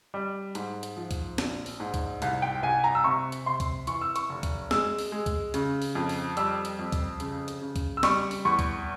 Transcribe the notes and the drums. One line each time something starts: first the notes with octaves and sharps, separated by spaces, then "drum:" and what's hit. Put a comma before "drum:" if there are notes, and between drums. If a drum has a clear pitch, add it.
G3
G#2, drum: hi-hat
drum: hi-hat
F3
drum: kick C#2, hi-hat
A#1, drum: snare
drum: open hi-hat
G#2
drum: kick C#2, hi-hat
C2, drum: hi-hat
G5
C2 G#5
A#5
E6
C3 C#6
drum: hi-hat
C3 C6
drum: kick C#2, hi-hat
E3 C#6, drum: hi-hat
E6
C#6, drum: hi-hat
F1
drum: kick C#2, hi-hat
G#3 E6, drum: snare
drum: open hi-hat
G#3
drum: kick C#2, hi-hat
C#3, drum: hi-hat
drum: open hi-hat
F2
drum: open hi-hat
G3 E6, drum: hi-hat
drum: hi-hat
F2
drum: kick C#2, hi-hat
C#3, drum: hi-hat
drum: hi-hat
C#3
drum: kick C#2, hi-hat
E6
G3 C#6, drum: snare
drum: open hi-hat
E2 C#6
drum: kick C#2, hi-hat